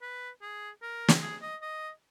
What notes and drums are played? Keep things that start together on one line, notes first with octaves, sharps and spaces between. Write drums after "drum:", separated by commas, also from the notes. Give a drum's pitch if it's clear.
B4
G#4
A#4
drum: snare
G#4
D#5
D#5